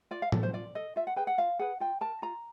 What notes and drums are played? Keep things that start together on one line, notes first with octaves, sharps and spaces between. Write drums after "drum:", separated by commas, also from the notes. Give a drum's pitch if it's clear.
F4 D5
F5
A4, drum: tom
C5
F4 D5
A4 D#5
F4 E5
F#5
G#4 B4 G5
F#5
F4 F5
G#4 B4 F#5
F4 G5
A#4 A5
F4 A#5